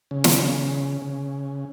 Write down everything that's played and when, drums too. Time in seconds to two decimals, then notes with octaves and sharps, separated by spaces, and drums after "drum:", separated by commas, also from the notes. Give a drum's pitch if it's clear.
0.11 C#3
0.24 drum: snare
1.01 C#3